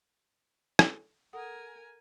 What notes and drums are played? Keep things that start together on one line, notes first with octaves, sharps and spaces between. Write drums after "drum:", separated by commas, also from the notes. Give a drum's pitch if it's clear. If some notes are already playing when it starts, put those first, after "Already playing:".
drum: rim click
A4 A#4 F#5 G#5 D#6